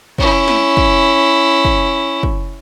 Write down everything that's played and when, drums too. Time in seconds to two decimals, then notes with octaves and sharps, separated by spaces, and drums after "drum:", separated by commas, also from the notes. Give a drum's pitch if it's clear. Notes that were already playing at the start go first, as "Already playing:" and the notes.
0.18 C#4 E4, drum: kick
0.48 drum: snare
0.77 drum: kick
1.65 drum: kick
2.23 drum: kick